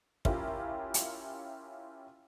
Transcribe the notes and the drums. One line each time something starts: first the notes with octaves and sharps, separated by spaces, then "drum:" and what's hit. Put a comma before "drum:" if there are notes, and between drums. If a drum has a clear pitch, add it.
C#4 E4 F4 G4 A#4, drum: kick
drum: hi-hat